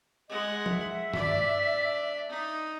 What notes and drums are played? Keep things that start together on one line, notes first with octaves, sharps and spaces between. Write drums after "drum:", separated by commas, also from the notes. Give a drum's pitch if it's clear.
G#3 D#5 F#5
E5, drum: tom F3
D4 D5, drum: tom
D#4